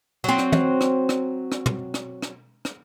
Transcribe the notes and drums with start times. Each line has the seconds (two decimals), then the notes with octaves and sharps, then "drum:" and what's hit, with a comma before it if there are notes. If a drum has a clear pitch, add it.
0.24 F#3 C4
0.38 drum: rim click
0.52 drum: tom
0.81 drum: rim click
1.09 drum: rim click
1.52 drum: rim click
1.66 drum: tom
1.94 drum: rim click
2.22 drum: rim click
2.65 drum: rim click